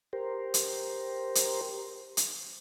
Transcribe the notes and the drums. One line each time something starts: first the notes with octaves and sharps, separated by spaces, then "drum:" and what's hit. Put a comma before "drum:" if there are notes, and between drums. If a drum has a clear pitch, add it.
G4 A#4 C5
drum: hi-hat
drum: hi-hat
drum: hi-hat